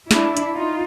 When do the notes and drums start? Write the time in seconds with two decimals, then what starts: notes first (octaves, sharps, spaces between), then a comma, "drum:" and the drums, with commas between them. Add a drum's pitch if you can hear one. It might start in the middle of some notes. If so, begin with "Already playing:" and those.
0.11 D4 E4, drum: snare
0.37 drum: hi-hat
0.55 D#4 F4